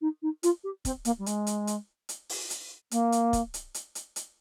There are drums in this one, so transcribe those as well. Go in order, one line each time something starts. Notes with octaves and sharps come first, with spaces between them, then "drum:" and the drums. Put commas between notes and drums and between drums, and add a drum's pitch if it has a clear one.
D#4
D#4
F4, drum: hi-hat
G4
C4, drum: kick, hi-hat
A#3, drum: hi-hat
G3
G#3, drum: hi-hat
drum: hi-hat
drum: hi-hat
drum: hi-hat
drum: open hi-hat
drum: hi-hat
A#3, drum: hi-hat
drum: hi-hat
drum: kick, hi-hat
drum: hi-hat
drum: hi-hat
drum: hi-hat
drum: hi-hat